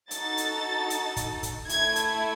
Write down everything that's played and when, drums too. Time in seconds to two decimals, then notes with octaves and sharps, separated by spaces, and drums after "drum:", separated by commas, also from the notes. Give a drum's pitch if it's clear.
0.11 D#4 F#4 A4 A6, drum: hi-hat
0.37 drum: hi-hat
0.90 drum: hi-hat
1.16 drum: kick, hi-hat
1.43 drum: kick, hi-hat
1.69 A3 E4 A4 G#6, drum: hi-hat
1.96 drum: hi-hat